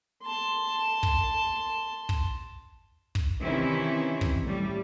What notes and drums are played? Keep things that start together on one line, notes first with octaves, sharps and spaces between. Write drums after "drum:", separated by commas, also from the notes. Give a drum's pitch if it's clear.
A5 C6
drum: kick
drum: kick
drum: kick
C3 D#3 E3 C#4 E4
drum: kick
A2 G3